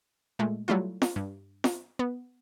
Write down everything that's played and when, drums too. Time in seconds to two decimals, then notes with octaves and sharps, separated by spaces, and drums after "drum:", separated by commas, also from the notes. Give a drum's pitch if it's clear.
0.39 A#2 G#3 A3
0.68 F#3 G3 A3 E4 F4
1.02 drum: snare
1.16 G2
1.64 drum: snare
1.99 B3